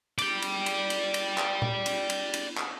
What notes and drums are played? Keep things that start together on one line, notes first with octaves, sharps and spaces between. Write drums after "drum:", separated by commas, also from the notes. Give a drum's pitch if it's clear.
D5 G5, drum: cymbal
drum: cymbal
drum: cymbal
drum: cymbal
drum: cymbal
drum: clap
drum: tom A#2
drum: cymbal
drum: cymbal
drum: cymbal
drum: clap